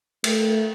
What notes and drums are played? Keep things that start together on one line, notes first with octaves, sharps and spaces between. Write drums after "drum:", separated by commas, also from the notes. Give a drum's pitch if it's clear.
A3, drum: cymbal